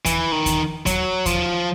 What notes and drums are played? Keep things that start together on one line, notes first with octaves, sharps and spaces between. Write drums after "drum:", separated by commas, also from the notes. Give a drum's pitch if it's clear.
E3, drum: kick D#2, hi-hat
D#3
drum: kick D#2, hi-hat
F#3, drum: kick D#2, hi-hat
F3, drum: kick D#2, hi-hat